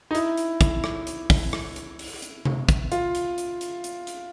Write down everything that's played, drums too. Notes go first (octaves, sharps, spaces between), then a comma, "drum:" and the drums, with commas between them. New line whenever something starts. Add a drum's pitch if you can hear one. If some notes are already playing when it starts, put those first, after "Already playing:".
D#4
E4, drum: hi-hat
drum: hi-hat
drum: kick, hi-hat
drum: rim click
drum: hi-hat
drum: kick, open hi-hat
drum: rim click
drum: hi-hat
drum: open hi-hat
drum: hi-hat
drum: tom C3
drum: kick, hi-hat
F4, drum: hi-hat
drum: hi-hat
drum: hi-hat
drum: hi-hat
drum: hi-hat
drum: hi-hat